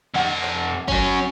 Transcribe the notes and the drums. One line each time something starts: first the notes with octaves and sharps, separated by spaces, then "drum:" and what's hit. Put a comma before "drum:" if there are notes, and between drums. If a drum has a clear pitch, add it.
F2 F#5
drum: clap
C#4 F#4, drum: kick G1